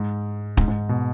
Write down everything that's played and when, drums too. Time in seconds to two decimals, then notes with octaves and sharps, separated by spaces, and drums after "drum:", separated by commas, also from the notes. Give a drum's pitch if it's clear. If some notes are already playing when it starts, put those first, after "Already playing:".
Already playing: G#2
0.57 G#2, drum: kick
0.68 G#2
0.89 B2